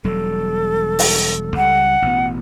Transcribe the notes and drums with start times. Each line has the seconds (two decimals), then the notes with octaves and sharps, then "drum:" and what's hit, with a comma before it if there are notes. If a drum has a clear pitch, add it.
0.04 E1 F#3 G3 A4
0.99 drum: open hi-hat
1.57 C#2 G3 F#5
2.02 A1 B2 B3